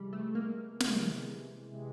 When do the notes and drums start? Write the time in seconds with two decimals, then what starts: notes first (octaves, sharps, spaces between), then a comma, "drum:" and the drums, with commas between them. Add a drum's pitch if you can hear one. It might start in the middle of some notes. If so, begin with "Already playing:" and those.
Already playing: C3 E3 G3 G#3
0.13 A3
0.35 A#3
0.80 C3 E3 G#3 A#3, drum: snare
1.71 C3 E3 G#3